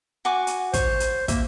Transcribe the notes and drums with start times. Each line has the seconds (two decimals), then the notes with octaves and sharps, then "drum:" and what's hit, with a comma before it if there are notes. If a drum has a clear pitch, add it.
0.25 F#4 G#5 D6
0.47 drum: hi-hat
0.74 C5 C#5, drum: kick, hi-hat
1.00 drum: hi-hat
1.28 A#3 E5, drum: kick, hi-hat